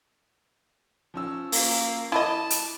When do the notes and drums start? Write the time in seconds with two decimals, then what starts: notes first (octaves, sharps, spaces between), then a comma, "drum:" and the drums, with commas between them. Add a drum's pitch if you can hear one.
1.14 F3 C#4 E6
1.52 A#3, drum: open hi-hat
2.12 E4 D#5 A5 B5 D6
2.50 drum: hi-hat